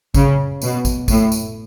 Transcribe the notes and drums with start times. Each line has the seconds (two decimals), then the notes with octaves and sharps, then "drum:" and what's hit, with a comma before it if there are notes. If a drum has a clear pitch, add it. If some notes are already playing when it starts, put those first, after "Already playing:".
0.14 C#3, drum: kick G#1, tambourine
0.62 B2, drum: tambourine
0.85 drum: kick G#1, tambourine
1.08 A2, drum: kick G#1, tambourine
1.32 drum: tambourine